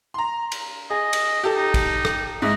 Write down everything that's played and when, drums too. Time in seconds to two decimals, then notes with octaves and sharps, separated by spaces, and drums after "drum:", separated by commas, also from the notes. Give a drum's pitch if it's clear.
0.14 A#5 C6
0.52 drum: cymbal
0.90 G#4 D#5
1.13 drum: cymbal
1.44 G4 A4
1.56 D#4
1.74 drum: kick, cymbal
2.05 drum: rim click
2.42 G#2 D#5 E5